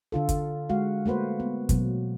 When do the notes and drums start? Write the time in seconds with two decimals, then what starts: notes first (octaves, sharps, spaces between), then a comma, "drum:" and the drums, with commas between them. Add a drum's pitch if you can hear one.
0.12 D3 F4 A4
0.29 drum: kick, hi-hat
0.69 G#3 F#4 F5
1.06 A3 A#3 F#4 B4 C5
1.40 B3
1.69 B2 F#3, drum: kick, hi-hat